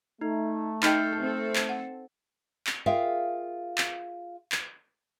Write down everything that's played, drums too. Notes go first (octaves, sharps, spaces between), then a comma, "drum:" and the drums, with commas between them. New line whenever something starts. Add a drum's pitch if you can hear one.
A3 D#4
D#4 A4 D#5 G5 F6 G6 C7, drum: clap
C4 A4
drum: clap
F#5
drum: clap
F4 G#4 A#4 E5 F5 G5
drum: clap
drum: clap